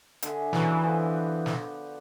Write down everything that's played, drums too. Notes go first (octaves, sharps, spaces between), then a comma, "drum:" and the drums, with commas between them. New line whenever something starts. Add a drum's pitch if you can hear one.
D3 G#4 E5, drum: hi-hat
C#3 E3 F#3 B3, drum: snare
D3 F3 G5
drum: snare